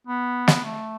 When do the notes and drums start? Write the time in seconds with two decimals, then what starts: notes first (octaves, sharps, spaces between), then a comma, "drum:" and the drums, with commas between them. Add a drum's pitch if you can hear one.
0.07 B3
0.48 drum: snare
0.64 A3